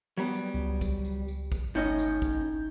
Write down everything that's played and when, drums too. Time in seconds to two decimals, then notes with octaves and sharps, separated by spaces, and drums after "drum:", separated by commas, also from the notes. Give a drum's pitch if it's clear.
0.17 F#3 G3 B3
0.34 drum: tambourine
0.54 C#2
0.81 drum: kick, tambourine
1.05 drum: tambourine
1.28 drum: tambourine
1.52 drum: kick, tambourine
1.75 G1 A2 C#4 D#4 D#5 G6, drum: tambourine
1.99 drum: tambourine
2.22 drum: kick, tambourine